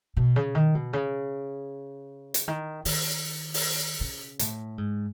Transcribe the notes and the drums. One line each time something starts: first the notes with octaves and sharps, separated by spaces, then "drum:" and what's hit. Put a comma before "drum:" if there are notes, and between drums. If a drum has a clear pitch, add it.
B2
C#3
D#3
B2
C#3
drum: hi-hat
D#3
D#3, drum: open hi-hat
drum: open hi-hat
C#3
A2, drum: hi-hat
G#2